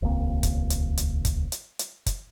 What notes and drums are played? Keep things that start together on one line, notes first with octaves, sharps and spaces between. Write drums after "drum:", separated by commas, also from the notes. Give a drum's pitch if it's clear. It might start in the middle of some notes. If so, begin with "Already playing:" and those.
D#1 C#2 A#3 C4
drum: kick, hi-hat
drum: hi-hat
drum: hi-hat
drum: kick, hi-hat
drum: hi-hat
drum: hi-hat
drum: kick, hi-hat